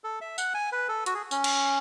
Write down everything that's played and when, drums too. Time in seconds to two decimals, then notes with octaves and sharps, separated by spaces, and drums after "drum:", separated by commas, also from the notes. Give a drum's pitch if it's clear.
0.04 A4
0.21 E5
0.38 F#5, drum: tambourine
0.54 G#5
0.72 B4
0.89 A4
1.06 F#4, drum: hi-hat
1.14 G#4
1.31 C#4, drum: tambourine
1.44 drum: cymbal